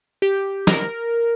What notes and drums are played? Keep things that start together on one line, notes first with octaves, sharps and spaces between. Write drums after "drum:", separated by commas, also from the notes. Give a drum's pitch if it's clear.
G4
A#4, drum: snare